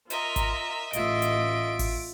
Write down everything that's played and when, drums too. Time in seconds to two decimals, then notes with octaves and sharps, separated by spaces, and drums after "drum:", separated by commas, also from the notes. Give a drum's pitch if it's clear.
0.10 F4 A#4 D#5 E5 A#5, drum: hi-hat
0.36 drum: kick G#1, hi-hat
0.93 A1 F4 D#5 E5 D7, drum: hi-hat
1.22 drum: hi-hat
1.79 drum: kick G#1, open hi-hat